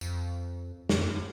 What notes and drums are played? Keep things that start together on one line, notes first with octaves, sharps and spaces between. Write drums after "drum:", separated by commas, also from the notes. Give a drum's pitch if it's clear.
F2, drum: tambourine
F2, drum: snare
F#2